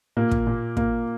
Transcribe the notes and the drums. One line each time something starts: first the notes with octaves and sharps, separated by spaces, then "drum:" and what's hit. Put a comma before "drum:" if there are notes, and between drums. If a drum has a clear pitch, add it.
A#2 A#3
drum: kick
A#2
A#2 A#3, drum: kick